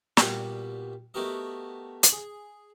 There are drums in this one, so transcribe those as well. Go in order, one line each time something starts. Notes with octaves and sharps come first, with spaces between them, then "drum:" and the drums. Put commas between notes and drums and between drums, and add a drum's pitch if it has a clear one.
A#2 G3 B3 F#4 G4, drum: snare
A3 B3 F#4 G4 A#4 D#5
drum: hi-hat
G#4